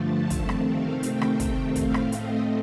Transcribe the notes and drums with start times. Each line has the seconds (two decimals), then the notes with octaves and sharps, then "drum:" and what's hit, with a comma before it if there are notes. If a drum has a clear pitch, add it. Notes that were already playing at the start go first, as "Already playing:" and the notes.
Already playing: G2 D3 F3 A3 A5
0.30 C3 D#3 A3 C4, drum: kick, hi-hat
0.49 drum: rim click
0.67 F5
1.03 G5, drum: hi-hat
1.21 drum: rim click
1.40 drum: kick, hi-hat
1.76 A2 A3 C4 F5, drum: kick, hi-hat
1.94 drum: rim click
2.12 D#5, drum: hi-hat